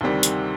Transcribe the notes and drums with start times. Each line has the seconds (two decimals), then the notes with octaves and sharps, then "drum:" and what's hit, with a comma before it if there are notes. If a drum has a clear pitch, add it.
0.01 D2 C3 D#3 G3
0.23 drum: hi-hat